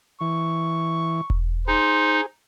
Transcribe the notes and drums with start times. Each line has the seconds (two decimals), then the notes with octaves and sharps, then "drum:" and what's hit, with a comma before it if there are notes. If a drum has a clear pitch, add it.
0.21 E3 C#6
1.30 drum: kick E1
1.68 D#4 G#4 C5